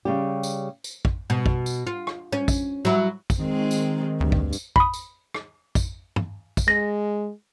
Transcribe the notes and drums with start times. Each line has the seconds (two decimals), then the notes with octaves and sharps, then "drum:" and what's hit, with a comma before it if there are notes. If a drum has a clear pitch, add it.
0.05 C#3 G3 G4
0.43 drum: tambourine
0.84 drum: tambourine
1.05 drum: kick
1.30 B2
1.46 drum: kick
1.66 drum: tambourine
1.87 F4
2.07 drum: rim click
2.32 C#4
2.48 drum: kick, tambourine
2.85 F#3 E4
3.30 drum: kick, tambourine
3.39 D#3 G#3 C4
3.71 drum: tambourine
4.20 D2 G2
4.32 drum: kick
4.53 drum: tambourine
4.76 B5 D#6, drum: kick
4.94 drum: tambourine
5.34 drum: rim click
5.75 drum: kick, tambourine
6.16 drum: tom
6.57 drum: kick, tambourine
6.68 G#3 A#6